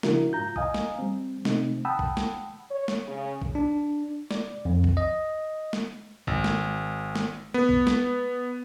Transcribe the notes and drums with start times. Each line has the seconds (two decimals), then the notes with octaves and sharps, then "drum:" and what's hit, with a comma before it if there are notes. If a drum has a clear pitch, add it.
0.03 C#3 F3 D4 E4 F#4 A#4, drum: snare
0.33 G#2 F4 A#5 G6
0.56 D#5 F5 G#5 A#5 D#6, drum: kick A1
0.74 drum: snare
0.99 G3 C4
1.45 C3 A3 C4 D#4, drum: snare
1.85 F#5 G5 A5 B5 D#6 E6
1.99 drum: kick A1
2.17 drum: snare
2.69 C#5
2.88 drum: snare
3.06 C#3
3.42 drum: kick A1
3.55 D4
4.31 D5, drum: snare
4.65 F2
4.84 drum: kick A1
4.97 D#5
5.73 drum: snare
6.27 G#1, drum: kick A1
6.44 drum: snare
7.16 drum: snare
7.54 B3
7.69 drum: kick A1
7.87 drum: snare